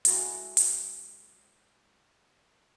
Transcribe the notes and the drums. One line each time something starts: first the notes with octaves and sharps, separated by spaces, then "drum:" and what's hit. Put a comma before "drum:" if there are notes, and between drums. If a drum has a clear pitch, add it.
G#3 E4 F#4 A4, drum: hi-hat
drum: hi-hat